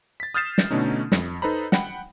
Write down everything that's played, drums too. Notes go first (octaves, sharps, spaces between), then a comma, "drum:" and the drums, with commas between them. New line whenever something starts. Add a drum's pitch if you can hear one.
A6 B6
D#6 F6 G6 A6 C7 E7
drum: snare
B2 D3 A3 C#4 D#4
F2, drum: snare
D#4 A4 B4 C5 A#5 B5
F#5 G5 B5, drum: snare